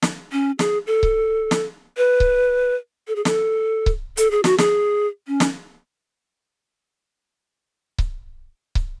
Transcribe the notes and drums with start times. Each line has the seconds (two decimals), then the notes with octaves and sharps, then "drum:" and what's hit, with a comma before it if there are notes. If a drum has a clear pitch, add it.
0.02 drum: snare
0.32 C#4
0.59 G#4, drum: snare
0.87 A4
1.03 drum: kick C#1
1.51 drum: snare
1.97 B4
2.20 drum: kick C#1
3.08 A4
3.16 G#4
3.25 A4, drum: snare
3.86 drum: kick C#1
4.17 A4, drum: hi-hat
4.31 G#4
4.44 F#4, drum: snare
4.58 G#4, drum: snare
5.27 C#4
5.40 drum: snare
7.98 drum: kick C#1
8.75 drum: kick C#1